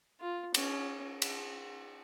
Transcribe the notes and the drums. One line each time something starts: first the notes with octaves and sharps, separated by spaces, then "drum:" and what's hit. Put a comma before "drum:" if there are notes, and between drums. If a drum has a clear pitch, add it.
F4
C#4, drum: cymbal
drum: cymbal